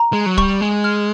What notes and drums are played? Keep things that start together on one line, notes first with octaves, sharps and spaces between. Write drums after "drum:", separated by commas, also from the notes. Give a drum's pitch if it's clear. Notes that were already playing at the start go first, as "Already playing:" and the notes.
Already playing: A#5
G#3
F#3
G3 C#6, drum: kick
G#3
F6